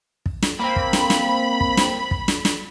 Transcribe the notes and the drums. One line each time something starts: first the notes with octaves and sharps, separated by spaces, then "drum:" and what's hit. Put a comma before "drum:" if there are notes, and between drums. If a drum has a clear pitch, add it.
drum: kick
drum: snare
A#3 C4 B5
drum: kick
drum: snare
drum: snare
drum: kick
drum: snare
drum: kick
drum: snare
drum: snare